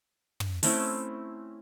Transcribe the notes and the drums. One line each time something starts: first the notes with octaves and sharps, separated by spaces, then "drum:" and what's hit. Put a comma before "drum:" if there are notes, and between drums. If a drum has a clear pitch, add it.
drum: tom
A3 C4 C#4 E4, drum: open hi-hat